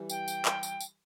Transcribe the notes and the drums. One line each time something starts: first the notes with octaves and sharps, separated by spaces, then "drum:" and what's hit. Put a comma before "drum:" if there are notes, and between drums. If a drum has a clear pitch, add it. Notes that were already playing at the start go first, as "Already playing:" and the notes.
Already playing: E3 G3
G5, drum: tambourine
drum: tambourine
drum: clap
drum: tambourine
drum: tambourine